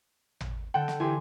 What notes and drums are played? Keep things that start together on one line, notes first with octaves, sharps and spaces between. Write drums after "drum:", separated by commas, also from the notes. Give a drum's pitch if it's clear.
drum: tom
D3 A4 F#5 G5
drum: snare
E3 G4 G#5 C6 D6